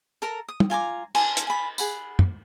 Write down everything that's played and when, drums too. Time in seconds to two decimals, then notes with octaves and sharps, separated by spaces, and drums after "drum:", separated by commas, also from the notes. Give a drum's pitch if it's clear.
0.22 A4 A#4 A#5
0.48 D#6
0.60 drum: tom
0.70 F4 G#5 A#5 D6
1.15 G#5 A5 C6, drum: cymbal
1.37 drum: hi-hat
1.47 G#5 B5
1.78 G#4 F#5 B5, drum: tambourine
2.19 drum: tom